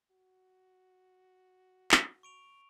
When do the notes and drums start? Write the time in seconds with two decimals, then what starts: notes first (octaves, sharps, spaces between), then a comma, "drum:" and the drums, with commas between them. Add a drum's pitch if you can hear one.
0.11 F#4
1.92 drum: clap
2.23 C#6 D7 F7